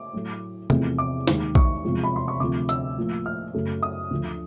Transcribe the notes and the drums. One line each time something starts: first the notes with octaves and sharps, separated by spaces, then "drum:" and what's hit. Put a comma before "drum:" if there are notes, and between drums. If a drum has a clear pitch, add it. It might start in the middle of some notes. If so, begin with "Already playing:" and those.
Already playing: D6
A2 F#3 A3
E2 C3 F3 A3, drum: tom
D6
D#2 D#3 G#3, drum: snare
C#6, drum: kick A#1
E2 C3 F3 G#3
B5
C6
C#6
D2 C3 F3 A3 D6
E6, drum: hi-hat
A2 F3 A#3
F6
F#2 C#3 F#3 A3
D#6
D2 D3 F3